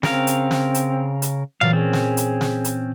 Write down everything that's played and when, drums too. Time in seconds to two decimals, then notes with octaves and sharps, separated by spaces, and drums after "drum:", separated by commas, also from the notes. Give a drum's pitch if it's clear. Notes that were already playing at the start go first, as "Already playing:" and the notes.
0.03 C#3 C4 A#4 F5, drum: snare
0.27 drum: hi-hat
0.51 drum: snare
0.74 drum: hi-hat
1.22 drum: hi-hat
1.61 A#2 E3 F#3 F5 A6
1.73 C4 C#4 G#4
1.93 drum: snare
2.17 drum: hi-hat
2.41 drum: snare
2.65 drum: hi-hat